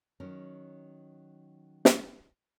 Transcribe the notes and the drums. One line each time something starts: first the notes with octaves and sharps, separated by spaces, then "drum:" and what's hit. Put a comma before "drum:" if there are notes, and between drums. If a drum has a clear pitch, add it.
D#3 F#3 C#4 A#4
drum: snare